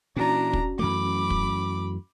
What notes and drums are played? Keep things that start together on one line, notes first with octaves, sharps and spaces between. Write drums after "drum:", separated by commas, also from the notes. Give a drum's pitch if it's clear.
A#2 E3 C#4 D4 F#4 A#5
drum: kick
F#2 E3 A3 B5 D6
drum: kick